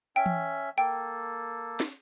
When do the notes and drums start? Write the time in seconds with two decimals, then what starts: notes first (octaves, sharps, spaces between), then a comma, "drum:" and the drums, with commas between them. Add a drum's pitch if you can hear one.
0.16 C#4 E5 G5
0.26 drum: tom E3
0.78 A#3 A4 G5, drum: open hi-hat
1.80 drum: snare